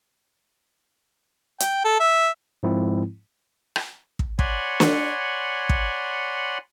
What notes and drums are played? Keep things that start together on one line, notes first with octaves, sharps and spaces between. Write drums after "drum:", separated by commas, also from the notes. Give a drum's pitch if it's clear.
G5, drum: hi-hat
A4
E5
G#2 F3 G#3 C4 E4
drum: rim click
drum: kick
C#5 D5 F#5 G#5 B5 C6, drum: kick
drum: snare
drum: kick